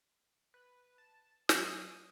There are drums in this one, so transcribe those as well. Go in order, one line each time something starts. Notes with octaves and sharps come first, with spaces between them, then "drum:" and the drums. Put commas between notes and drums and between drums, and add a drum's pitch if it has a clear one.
B4
A5
F#3 D#6, drum: snare